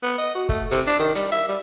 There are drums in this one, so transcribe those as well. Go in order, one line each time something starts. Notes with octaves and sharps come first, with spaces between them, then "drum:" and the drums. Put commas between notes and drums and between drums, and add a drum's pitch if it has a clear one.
B3
D#5
F#4
A3, drum: kick
C3, drum: hi-hat
D4
D#3
G3, drum: hi-hat
E5
G3